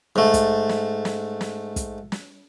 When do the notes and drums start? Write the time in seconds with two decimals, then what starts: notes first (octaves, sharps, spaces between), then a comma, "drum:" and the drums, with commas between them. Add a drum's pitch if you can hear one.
0.16 G#2 A3
0.34 drum: kick, hi-hat
0.69 drum: snare
1.05 drum: snare
1.41 drum: snare
1.76 drum: kick, hi-hat
2.12 drum: snare